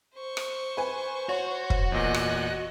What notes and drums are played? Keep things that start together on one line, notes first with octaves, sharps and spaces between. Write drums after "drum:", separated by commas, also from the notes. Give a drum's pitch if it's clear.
C5 C#6
drum: rim click
B4 G#5
F#4 C#5
drum: kick
E2 A#2 D#5 F#6
drum: rim click